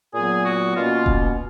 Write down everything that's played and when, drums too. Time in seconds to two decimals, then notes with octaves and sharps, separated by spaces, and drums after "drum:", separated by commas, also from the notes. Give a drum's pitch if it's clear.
0.14 A#2 F#3 B3 G#4
0.44 F#4
0.75 B2 A#3 C#4 F4
1.06 drum: kick E1